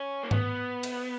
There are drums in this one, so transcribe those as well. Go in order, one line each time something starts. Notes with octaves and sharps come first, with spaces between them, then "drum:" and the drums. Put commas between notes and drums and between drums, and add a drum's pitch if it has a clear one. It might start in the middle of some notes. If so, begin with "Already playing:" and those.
Already playing: C#4
A#3
B3, drum: tom G#2
drum: cymbal